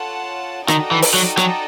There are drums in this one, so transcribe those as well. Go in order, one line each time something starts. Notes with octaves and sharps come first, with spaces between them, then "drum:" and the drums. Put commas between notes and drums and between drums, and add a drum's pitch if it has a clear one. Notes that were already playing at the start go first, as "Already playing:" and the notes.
Already playing: F4 A4 C#5 F#5 A5
D#3 D#4 F#4 A4 D5 G5, drum: rim click
E3
drum: open hi-hat
F#3
F#3, drum: rim click